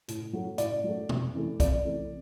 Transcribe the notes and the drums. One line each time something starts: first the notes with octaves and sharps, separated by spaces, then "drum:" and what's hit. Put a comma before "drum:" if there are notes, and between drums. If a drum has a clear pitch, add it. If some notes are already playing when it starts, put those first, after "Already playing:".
A2, drum: hi-hat
F#3 A3
A2 D5, drum: hi-hat
F#3 A3
F2, drum: tom
C3 E3 A3
F2 D5, drum: kick B1, hi-hat
C3 E3 A3